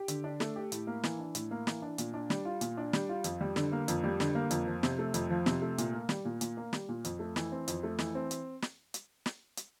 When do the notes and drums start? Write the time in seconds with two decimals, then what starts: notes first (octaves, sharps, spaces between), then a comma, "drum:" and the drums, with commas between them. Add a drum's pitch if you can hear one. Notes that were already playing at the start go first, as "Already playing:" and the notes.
Already playing: G4
0.08 D3, drum: hi-hat
0.24 D4
0.40 A3, drum: snare
0.56 G4
0.72 A2, drum: hi-hat
0.87 A#3
1.03 E3, drum: snare
1.19 D4
1.35 A2, drum: hi-hat
1.51 A#3
1.67 E3, drum: snare
1.82 D4
1.98 A#2, drum: hi-hat
2.14 D4
2.30 G3, drum: snare
2.45 F4
2.61 A#2, drum: hi-hat
2.77 D4
2.93 G3, drum: snare
3.09 F4
3.24 F2, drum: hi-hat
3.41 G3
3.56 D3, drum: snare
3.72 A#3
3.88 F2, drum: hi-hat
4.04 G3
4.20 D3, drum: snare
4.35 A#3
4.51 F2, drum: hi-hat
4.67 F3
4.83 C3, drum: snare
4.98 A3
5.14 F2, drum: hi-hat
5.30 F3
5.46 C3, drum: snare
5.62 A3
5.78 A#2, drum: hi-hat
5.94 A#3
6.09 G3, drum: snare
6.25 A#2
6.41 A#2, drum: hi-hat
6.57 A#3
6.73 G3, drum: snare
6.89 A#2
7.05 F2, drum: hi-hat
7.19 A3
7.36 E3, drum: snare
7.52 C4
7.68 F2, drum: hi-hat
7.83 A3
7.98 E3, drum: snare
8.15 C4
8.31 drum: hi-hat
8.62 drum: snare
8.94 drum: hi-hat
9.26 drum: snare
9.57 drum: hi-hat